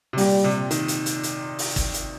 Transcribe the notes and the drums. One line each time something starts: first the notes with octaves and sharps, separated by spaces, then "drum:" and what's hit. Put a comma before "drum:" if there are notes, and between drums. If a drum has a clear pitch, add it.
C3
A#2 G3, drum: open hi-hat
C3
D#3, drum: hi-hat
drum: hi-hat
drum: hi-hat
drum: hi-hat
drum: open hi-hat
drum: kick, hi-hat
drum: hi-hat